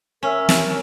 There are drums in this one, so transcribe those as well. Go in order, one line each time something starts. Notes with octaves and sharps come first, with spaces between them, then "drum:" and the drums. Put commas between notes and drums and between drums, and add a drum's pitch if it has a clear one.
C#4 A#4 E5
drum: snare